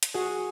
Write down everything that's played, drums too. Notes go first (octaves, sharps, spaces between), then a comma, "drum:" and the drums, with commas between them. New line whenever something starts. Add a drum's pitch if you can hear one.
drum: hi-hat
F#4 G#4